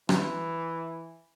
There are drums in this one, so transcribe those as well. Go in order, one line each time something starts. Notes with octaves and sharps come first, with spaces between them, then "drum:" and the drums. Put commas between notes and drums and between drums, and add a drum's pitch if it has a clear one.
E3, drum: rim click